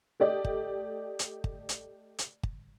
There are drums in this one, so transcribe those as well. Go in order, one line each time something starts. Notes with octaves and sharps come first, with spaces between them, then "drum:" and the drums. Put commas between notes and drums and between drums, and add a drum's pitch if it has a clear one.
A3 G4 D5 D#5
drum: kick
drum: hi-hat
drum: kick
drum: hi-hat
drum: hi-hat
drum: kick